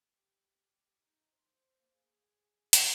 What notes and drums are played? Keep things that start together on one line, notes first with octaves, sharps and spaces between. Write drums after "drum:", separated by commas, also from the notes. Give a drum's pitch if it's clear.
G4
D#4
C5
A#3
G#4
drum: hi-hat